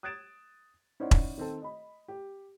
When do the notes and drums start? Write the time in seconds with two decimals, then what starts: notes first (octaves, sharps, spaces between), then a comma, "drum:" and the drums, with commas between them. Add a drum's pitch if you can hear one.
0.03 D#6 F#6 G#6 A6 D7 E7
1.00 C#4 D#4 E4 C5 D5 F#5
1.11 drum: kick E1
1.38 D#3 C4 A4
1.62 D#5 B5
2.08 G4